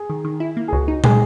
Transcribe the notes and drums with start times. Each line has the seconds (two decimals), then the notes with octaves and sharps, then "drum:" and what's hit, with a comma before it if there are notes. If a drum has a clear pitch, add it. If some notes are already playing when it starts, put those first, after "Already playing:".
Already playing: G#4
0.10 D#3
0.25 D#3
0.40 E4
0.57 A#3
0.68 G#4
0.72 C#2 F#4
0.88 D#4
1.04 G#3 G#4, drum: tom